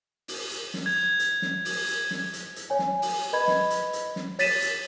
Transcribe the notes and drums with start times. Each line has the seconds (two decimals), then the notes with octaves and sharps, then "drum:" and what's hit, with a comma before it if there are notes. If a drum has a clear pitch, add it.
0.28 drum: open hi-hat
0.51 drum: hi-hat
0.74 drum: snare
0.86 G#6
1.19 drum: hi-hat
1.42 drum: snare
1.65 drum: open hi-hat
1.88 drum: hi-hat
2.11 drum: snare
2.34 drum: hi-hat
2.56 drum: hi-hat
2.70 C#5 G#5
2.79 drum: snare
3.02 drum: open hi-hat
3.33 B4 D#5 B5 G#6
3.48 drum: snare
3.70 drum: hi-hat
3.93 drum: hi-hat
4.16 drum: snare
4.39 C#5 A6 B6 D#7 E7, drum: open hi-hat
4.62 drum: hi-hat